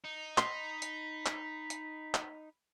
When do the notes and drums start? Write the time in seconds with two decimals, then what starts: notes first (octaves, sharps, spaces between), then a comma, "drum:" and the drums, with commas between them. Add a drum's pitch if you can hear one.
0.04 D#4
0.38 B5 C6, drum: clap
0.82 drum: hi-hat
1.26 drum: clap
1.70 drum: hi-hat
2.14 drum: clap